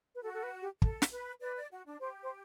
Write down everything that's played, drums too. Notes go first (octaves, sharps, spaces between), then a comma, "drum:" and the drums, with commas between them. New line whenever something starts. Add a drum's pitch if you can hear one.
B4
F#4 A4
A4
B4
G4
A4, drum: kick
drum: snare
B4
B4 D5
D5
F#4
D4
G4 C5
C5